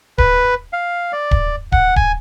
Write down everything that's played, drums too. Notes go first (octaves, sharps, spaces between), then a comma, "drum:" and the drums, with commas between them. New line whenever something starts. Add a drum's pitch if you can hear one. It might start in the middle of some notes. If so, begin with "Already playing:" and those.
B4, drum: kick D1
F5
D5
drum: kick D1
F#5, drum: kick D1
G#5, drum: kick D1